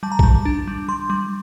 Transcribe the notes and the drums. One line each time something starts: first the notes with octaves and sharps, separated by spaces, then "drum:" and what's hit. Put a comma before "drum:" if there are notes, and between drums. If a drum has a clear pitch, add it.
G3 A5
A#5
G3 A5, drum: kick A#1
D4
G3
G3 C6
G3